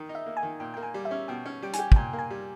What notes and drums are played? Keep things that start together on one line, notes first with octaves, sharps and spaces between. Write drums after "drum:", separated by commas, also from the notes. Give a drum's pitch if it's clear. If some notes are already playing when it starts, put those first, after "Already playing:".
Already playing: D#3
D#4
E5
A#3
G#5
D#3
A#2 G5
A#3 G5
G#5
G3
E5
C#4
B2 G5
C#4
G3 G5
G#5, drum: hi-hat
G4
G5, drum: kick
A#2 G#5
A#3
G#5
G3